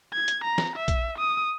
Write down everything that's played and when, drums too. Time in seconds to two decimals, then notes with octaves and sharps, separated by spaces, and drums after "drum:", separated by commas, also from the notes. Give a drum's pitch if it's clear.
0.13 G#6
0.28 drum: hi-hat
0.44 A#5
0.58 drum: snare
0.76 E5
0.88 drum: kick A#1, hi-hat
1.18 D#6